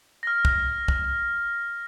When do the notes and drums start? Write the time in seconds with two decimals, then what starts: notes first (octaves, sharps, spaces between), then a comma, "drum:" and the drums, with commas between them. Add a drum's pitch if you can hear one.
0.23 F6 A#6
0.45 drum: kick
0.88 drum: kick